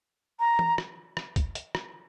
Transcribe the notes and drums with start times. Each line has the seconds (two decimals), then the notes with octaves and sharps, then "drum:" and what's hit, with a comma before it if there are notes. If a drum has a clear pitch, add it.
0.39 A#5
0.59 drum: tom E3
0.78 drum: rim click
1.17 drum: rim click
1.36 drum: kick, hi-hat
1.55 drum: hi-hat
1.75 drum: rim click